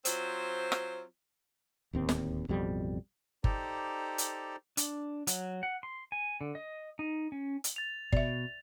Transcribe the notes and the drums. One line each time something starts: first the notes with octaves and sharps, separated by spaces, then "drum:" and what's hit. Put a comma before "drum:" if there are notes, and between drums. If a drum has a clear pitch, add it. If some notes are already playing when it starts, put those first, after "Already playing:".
F#3 C4 F4 C5, drum: hi-hat
drum: rim click
D1 D#2 C4
drum: snare
A1 F2 B2 G3
D#4 G4 A4 C5 D5 A#5, drum: kick G1
drum: hi-hat
D4, drum: hi-hat
F#3, drum: hi-hat
F#5
C6
G#5
D3
D#5
D#4
C#4
drum: hi-hat
A6 F7
B2 D5 E5, drum: kick G1